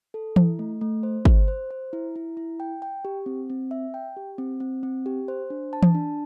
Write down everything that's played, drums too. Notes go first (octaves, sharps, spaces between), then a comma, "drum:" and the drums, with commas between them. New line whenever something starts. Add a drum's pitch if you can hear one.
A4
E4, drum: tom E3
A3
A3
C5
C5, drum: kick
C5
C5
E4
E4
E4
G5
G5
G4
C4
C4
E5
G5
G4
C4
C4
C4
G4
C5
D4
A5
drum: tom E3
D4